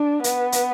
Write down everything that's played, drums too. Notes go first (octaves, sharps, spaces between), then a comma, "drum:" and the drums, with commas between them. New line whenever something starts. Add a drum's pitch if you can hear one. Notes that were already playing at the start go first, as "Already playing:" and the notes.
Already playing: D4
B3, drum: hi-hat
drum: hi-hat